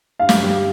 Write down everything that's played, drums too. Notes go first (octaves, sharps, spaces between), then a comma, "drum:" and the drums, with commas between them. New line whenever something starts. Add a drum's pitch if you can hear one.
G2 F5
drum: snare
G3